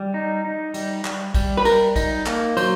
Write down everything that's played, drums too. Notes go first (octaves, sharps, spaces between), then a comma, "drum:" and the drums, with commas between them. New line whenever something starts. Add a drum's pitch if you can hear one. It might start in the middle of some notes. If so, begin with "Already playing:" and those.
Already playing: G3
D#4
D#4
G3, drum: cymbal
G3, drum: clap
G3, drum: kick, cymbal
B4
G3 A#4, drum: cymbal
D#4, drum: kick, cymbal
A#3, drum: clap
F#3 C5, drum: cymbal